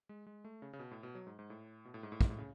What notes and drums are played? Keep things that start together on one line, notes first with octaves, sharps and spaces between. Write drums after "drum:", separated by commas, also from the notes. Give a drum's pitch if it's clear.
G#3
G#3
A3
C#3
C#3
B2
A2
B2
F#3
G#2
G#2
A2
B2
A2
G#2
A2
G#2, drum: kick
A2
C#3